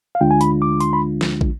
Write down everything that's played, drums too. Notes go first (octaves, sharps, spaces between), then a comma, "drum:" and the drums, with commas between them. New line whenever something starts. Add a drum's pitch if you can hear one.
F5
D2 D3 G#3 D4 F4 G5
G#5
B5, drum: hi-hat
D6
C6, drum: hi-hat
B5
drum: snare
drum: kick